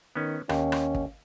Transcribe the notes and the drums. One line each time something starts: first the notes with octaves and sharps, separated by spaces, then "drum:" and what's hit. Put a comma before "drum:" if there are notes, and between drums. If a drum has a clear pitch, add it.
D#3 B3 C#4
D#2 C#4, drum: rim click
drum: rim click
drum: kick